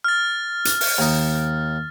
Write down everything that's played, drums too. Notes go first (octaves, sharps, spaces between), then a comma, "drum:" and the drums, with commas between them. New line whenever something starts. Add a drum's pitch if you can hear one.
F6 A6
drum: hi-hat
drum: open hi-hat
D#2 D#4